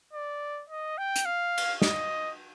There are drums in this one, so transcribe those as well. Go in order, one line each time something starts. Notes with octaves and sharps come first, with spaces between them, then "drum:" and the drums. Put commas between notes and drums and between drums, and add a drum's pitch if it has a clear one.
D5
D#5
G5
drum: hi-hat
F5
drum: cymbal
D#5, drum: snare